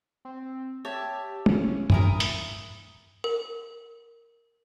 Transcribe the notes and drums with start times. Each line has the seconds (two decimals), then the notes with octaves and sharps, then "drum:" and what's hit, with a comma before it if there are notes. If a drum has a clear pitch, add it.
0.25 C4
0.85 G4 C#5 E5 A5
1.46 C#4, drum: tom
1.90 E4 G#4 A#4 D#6, drum: tom
2.20 drum: hi-hat
3.24 A#4